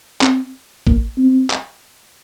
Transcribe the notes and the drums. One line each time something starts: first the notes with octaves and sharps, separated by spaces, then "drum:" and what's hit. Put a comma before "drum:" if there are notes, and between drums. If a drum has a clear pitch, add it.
C4, drum: clap
A#3, drum: kick
C4
drum: clap